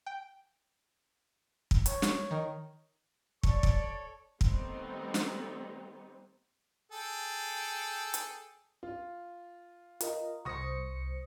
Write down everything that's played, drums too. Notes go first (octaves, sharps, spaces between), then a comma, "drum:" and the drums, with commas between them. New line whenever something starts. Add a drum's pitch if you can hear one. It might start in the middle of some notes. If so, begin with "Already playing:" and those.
G5
drum: kick
C#5, drum: hi-hat
drum: snare
D#3
A4 C#5 D5 C#6, drum: kick
drum: kick
D#3 G3 A3 B3 C4 D#4, drum: kick
drum: snare
G#4 A4 G5
drum: hi-hat
F4
F4 A#4 D#5, drum: hi-hat
C2 C5 C#6 D#6 A#6 C#7